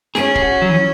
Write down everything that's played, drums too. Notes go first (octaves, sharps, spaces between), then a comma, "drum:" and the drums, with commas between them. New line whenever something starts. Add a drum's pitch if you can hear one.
C#4 G#4, drum: snare
G#4, drum: kick
F#4
F#3
E3